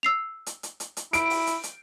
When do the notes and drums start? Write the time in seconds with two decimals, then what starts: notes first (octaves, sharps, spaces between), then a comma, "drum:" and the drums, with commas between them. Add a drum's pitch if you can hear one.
0.03 E6 C7 F7
0.46 drum: hi-hat
0.63 drum: hi-hat
0.80 drum: hi-hat
0.97 drum: hi-hat
1.13 E4 D7, drum: hi-hat
1.30 drum: open hi-hat
1.47 drum: hi-hat
1.63 drum: hi-hat